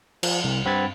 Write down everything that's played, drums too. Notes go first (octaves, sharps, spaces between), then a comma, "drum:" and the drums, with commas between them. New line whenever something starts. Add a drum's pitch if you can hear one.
F3, drum: cymbal
C2
G2 C4 F#5 B5 G#6 A6